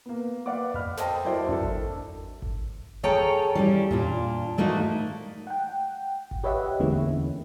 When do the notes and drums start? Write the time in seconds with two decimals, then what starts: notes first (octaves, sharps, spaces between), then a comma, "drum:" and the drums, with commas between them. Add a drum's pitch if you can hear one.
0.06 A#3 B3
0.46 B4 D5 F5 F#5 D6
0.74 D#5 B5 F6, drum: tom E2
0.97 A4 C5 D#5 G5 A5, drum: snare
1.25 F#3 E4 A#4 C5 D5
1.49 D4 A4, drum: tom E2
1.63 drum: kick G#1
2.42 drum: kick G#1
3.03 G#4 A4 C#5 F5 G5 A#5
3.55 G3 C#4 E4
3.91 A#2 D4 F4, drum: tom E2
4.58 G#2 A3 A#3 D#4 F#4
5.47 F#5 G5
6.31 drum: kick G#1
6.44 G4 B4 C#5 D#5 E5 F#5
6.80 E2 D3 G#3 A#3 C#4 E4